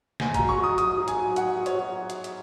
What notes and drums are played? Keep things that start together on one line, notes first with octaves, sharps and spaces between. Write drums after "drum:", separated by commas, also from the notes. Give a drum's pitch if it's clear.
G#2 G#5, drum: snare
F#3 A#5, drum: kick, hi-hat
C#6
F#3 D#6
F#3 D#6, drum: hi-hat
F#3
G#5, drum: hi-hat
F#3
F#3 F#5, drum: hi-hat
F#3
C#5, drum: hi-hat
F#3
drum: hi-hat
drum: hi-hat